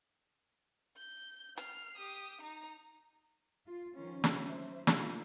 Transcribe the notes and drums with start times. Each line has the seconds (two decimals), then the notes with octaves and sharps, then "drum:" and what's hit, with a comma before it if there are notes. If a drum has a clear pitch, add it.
0.96 G6
1.57 F6 C7, drum: hi-hat
1.97 G4 D#6
2.42 D#4 A#5
3.67 F4
3.97 D#3 F3 C#4 F4
4.24 drum: snare
4.46 F#3 C5 E5
4.87 F#3 A#3 D#4 F4, drum: snare